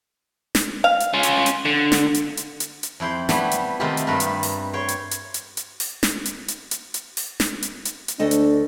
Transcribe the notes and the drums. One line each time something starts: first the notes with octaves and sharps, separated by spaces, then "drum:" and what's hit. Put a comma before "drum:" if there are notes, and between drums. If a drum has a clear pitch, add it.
drum: snare
F5
drum: hi-hat
C#4 F4
drum: hi-hat
drum: hi-hat
D3
drum: snare
drum: hi-hat
drum: hi-hat
drum: hi-hat
drum: hi-hat
F2 E4 C5 G5
G3 A3 B3 E4 G4 F#5, drum: snare
drum: hi-hat
C3 D#3 A3 C4 F4 G4
drum: hi-hat
G2 G3 A3 A#4 B4
drum: hi-hat
drum: open hi-hat
C5 C#5 G5
drum: hi-hat
drum: hi-hat
drum: hi-hat
drum: hi-hat
drum: open hi-hat
drum: snare
drum: hi-hat
drum: hi-hat
drum: hi-hat
drum: hi-hat
drum: open hi-hat
drum: snare
drum: hi-hat
drum: hi-hat
drum: hi-hat
D2 D4 A4 D#5
drum: hi-hat